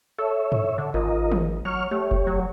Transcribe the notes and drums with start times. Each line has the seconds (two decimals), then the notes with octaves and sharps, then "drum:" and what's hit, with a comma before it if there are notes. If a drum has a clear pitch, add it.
0.18 A4 C#5 E5
0.52 drum: tom G2
0.78 D3
0.94 G#1 F4 A#4 D#5
1.32 drum: tom
1.65 F#3 C#6 F6
1.91 A3 G4 C#5
2.11 drum: kick F1
2.27 F#3